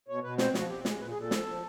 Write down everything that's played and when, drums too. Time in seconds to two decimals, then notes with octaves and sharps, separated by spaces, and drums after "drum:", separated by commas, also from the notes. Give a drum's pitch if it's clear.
0.08 B2 C#5
0.23 B2 B4
0.38 C4 C5, drum: snare
0.54 F3 F#4, drum: snare
0.69 C4 G4
0.85 G#3, drum: snare
1.00 A#2 B4
1.11 G#4
1.15 A#2
1.21 A4
1.31 F3, drum: snare
1.46 F3